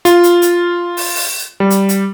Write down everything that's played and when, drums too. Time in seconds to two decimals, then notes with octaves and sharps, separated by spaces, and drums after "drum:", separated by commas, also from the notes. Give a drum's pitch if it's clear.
0.05 F4, drum: hi-hat
0.23 drum: hi-hat
0.42 drum: hi-hat
0.97 drum: open hi-hat
1.15 drum: open hi-hat
1.60 G3
1.70 drum: hi-hat
1.89 drum: hi-hat